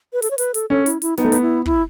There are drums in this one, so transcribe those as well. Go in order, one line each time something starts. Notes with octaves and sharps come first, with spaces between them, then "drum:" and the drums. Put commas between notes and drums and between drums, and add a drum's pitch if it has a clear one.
B4
A4, drum: hi-hat
C#5
B4, drum: hi-hat
A4, drum: hi-hat
C#4 A4
E4, drum: hi-hat
E4, drum: hi-hat
B3 D#4, drum: snare
A3
B3, drum: hi-hat
E4
E4, drum: kick